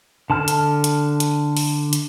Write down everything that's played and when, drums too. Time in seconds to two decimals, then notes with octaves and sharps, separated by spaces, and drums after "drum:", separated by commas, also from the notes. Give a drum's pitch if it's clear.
0.30 D3 A5 F6
0.48 drum: hi-hat
0.84 drum: hi-hat
1.20 drum: hi-hat
1.57 drum: open hi-hat
1.93 drum: hi-hat